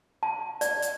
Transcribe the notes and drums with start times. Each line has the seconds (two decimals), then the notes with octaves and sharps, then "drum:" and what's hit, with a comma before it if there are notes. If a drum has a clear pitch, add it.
0.23 A5
0.61 D5, drum: hi-hat
0.82 drum: hi-hat